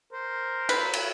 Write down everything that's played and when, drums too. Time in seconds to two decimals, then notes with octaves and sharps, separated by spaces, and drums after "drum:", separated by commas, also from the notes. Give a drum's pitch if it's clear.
0.13 A#4 C5
0.69 B4, drum: cymbal
0.93 drum: cymbal